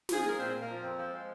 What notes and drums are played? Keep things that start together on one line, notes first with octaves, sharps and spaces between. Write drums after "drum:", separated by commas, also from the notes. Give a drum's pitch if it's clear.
F3 G#4, drum: snare
G#3 A#4
A#2 C4 C5
A#2
A#3 A#4
F3
F2 C4
F3
G#3